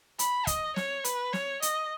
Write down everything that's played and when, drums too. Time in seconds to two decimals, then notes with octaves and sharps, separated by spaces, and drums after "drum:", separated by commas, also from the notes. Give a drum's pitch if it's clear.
0.19 B5, drum: hi-hat
0.47 D#5, drum: kick, hi-hat
0.76 C#5, drum: snare
1.05 B4, drum: hi-hat
1.33 C#5, drum: snare
1.62 D#5, drum: hi-hat